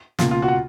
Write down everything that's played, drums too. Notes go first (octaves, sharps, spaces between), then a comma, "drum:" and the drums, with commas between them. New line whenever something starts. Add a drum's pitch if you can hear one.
C#2 B2 A#3 F4, drum: snare
F4
F#4
F#5